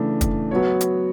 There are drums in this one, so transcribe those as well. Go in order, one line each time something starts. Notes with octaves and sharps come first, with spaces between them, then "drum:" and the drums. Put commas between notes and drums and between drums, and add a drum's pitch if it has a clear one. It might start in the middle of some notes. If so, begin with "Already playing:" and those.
Already playing: C#3 E3 A3 D4
drum: kick, hi-hat
F#3 B3 F#4 C#5
drum: hi-hat